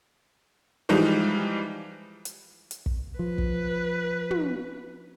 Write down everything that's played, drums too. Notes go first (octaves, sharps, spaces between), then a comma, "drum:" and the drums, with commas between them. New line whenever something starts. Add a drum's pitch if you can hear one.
E3 F3 G3 G#3 D#4
drum: hi-hat
drum: hi-hat
drum: kick
F3 B4
drum: kick
drum: tom